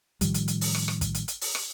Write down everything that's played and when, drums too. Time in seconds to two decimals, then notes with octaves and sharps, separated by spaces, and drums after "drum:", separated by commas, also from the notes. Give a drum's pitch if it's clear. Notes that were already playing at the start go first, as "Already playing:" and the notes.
0.21 A2 D#3 F3 G3, drum: kick, hi-hat
0.34 drum: hi-hat
0.48 drum: hi-hat
0.61 drum: open hi-hat
0.75 drum: rim click
0.88 drum: rim click
1.01 drum: kick, hi-hat
1.15 drum: hi-hat
1.28 drum: hi-hat
1.41 drum: open hi-hat
1.55 drum: rim click